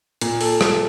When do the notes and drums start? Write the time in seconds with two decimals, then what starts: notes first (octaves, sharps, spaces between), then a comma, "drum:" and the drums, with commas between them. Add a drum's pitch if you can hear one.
0.21 A#2, drum: hi-hat
0.41 A4, drum: open hi-hat
0.61 A4, drum: rim click